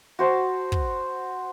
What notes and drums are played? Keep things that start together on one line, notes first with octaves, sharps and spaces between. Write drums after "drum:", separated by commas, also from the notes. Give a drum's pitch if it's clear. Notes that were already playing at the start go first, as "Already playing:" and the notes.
F#4 C5 A5
drum: kick